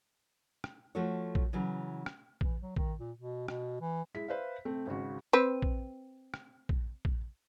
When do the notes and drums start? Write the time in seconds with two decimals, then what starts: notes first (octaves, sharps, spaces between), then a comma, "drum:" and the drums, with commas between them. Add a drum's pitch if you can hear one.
0.64 drum: rim click
0.95 F3 A3 F#4 A4 C#5
1.35 drum: kick
1.53 C#3 E3 F#3
2.06 drum: rim click
2.41 E3, drum: kick
2.62 F#3
2.76 D#3, drum: kick
2.99 A#2
3.19 B2
3.48 B2, drum: rim click
3.81 E3
4.15 G#3 E4 B6
4.28 B4 C5 E5 F5
4.65 C3 A3 C4
4.87 G#1 C#3 F#4
5.33 C4 B4
5.62 drum: kick
6.34 drum: rim click
6.69 drum: kick
7.05 drum: kick